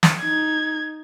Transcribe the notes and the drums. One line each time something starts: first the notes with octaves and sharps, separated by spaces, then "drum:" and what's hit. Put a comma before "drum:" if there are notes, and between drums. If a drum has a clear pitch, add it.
drum: snare
D#4 G#6